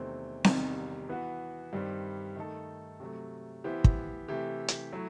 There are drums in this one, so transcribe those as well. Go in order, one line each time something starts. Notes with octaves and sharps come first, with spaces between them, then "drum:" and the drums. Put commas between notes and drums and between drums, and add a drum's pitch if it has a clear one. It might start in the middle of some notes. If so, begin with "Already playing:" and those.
Already playing: E2 C3 D#3 A3 C4
E2 C3 D#3 G3 D#4, drum: snare C4
E3 B3 F#4
G2 D#3 G3 C4
D#3 A3 D#4 A4
C3 F#3 A3
E3 B3 E4 G4 C5
drum: kick
C3 E3 A3 E4 G4
drum: hi-hat
F#3 A3 E4